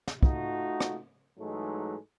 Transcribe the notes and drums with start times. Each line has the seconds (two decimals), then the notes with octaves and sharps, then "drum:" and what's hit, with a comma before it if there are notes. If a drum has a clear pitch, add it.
0.07 drum: snare
0.23 A3 D#4 F4 F#4, drum: kick
0.81 drum: rim click
1.38 G#2 E3 F#3 G#3 A3 D#4